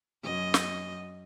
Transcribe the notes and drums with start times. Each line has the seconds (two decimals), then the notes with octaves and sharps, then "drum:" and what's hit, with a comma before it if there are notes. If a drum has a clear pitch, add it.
0.23 F#2 D#5
0.54 drum: snare